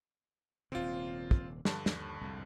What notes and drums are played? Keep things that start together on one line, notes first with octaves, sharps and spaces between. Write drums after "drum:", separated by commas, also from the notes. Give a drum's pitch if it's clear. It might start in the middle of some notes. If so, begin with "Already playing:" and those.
D#1 C3 C4 F4
drum: kick
G2 D3 A5, drum: snare
D#2, drum: snare
C2 F2 G#2